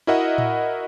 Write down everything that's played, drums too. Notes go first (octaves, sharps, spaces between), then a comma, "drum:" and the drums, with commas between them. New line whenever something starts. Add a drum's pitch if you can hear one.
E4 F#4 A#4 D#5 E5 F#5
drum: tom A2